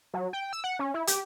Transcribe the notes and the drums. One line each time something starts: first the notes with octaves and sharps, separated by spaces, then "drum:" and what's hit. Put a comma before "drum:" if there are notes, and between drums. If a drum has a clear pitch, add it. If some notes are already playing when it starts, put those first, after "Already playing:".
F#3
G5
E6
F#5
C#4
E4
G4, drum: hi-hat